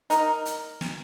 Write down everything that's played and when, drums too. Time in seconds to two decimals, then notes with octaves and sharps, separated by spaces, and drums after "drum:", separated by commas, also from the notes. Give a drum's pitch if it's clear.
0.10 D#4 A#4, drum: hi-hat
0.45 drum: hi-hat
0.81 drum: snare